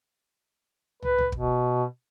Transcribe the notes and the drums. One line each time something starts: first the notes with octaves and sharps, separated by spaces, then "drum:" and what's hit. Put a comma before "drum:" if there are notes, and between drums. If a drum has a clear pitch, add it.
B4, drum: tom
drum: tom
B2, drum: kick